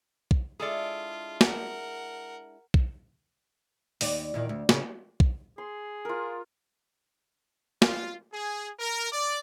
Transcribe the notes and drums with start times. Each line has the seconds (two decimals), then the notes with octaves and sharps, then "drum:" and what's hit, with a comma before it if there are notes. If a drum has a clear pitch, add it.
0.31 drum: kick
0.60 G#3 D4 E4 F4 G#4 A4 D5
1.41 A#4 F#5, drum: snare
2.74 drum: kick
4.01 D#2 D5, drum: open hi-hat
4.34 E2 A#2 D#3
4.49 D2
4.69 C#3, drum: snare
5.20 drum: kick
5.58 G#4 C6
6.05 F4 A#4
7.82 F4, drum: snare
8.33 G#4
8.80 A#4
9.12 D5